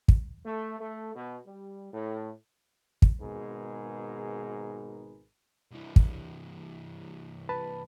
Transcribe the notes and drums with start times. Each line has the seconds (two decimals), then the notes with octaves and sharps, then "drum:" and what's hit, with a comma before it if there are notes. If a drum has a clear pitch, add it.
0.08 drum: kick
0.45 A3
0.79 A3
1.15 B2
1.47 G3
1.93 A2
3.02 drum: kick
3.20 G#1 G#2 B2 G#4 A#4 B4
5.71 C2 E3
5.96 drum: kick
7.49 B4 A5 B5